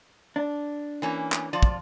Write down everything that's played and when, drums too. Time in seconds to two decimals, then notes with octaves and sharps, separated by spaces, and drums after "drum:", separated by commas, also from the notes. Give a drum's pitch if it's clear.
0.36 D4
1.02 E3 A#3 C#4
1.32 drum: clap
1.53 F3 F4 D5
1.63 drum: kick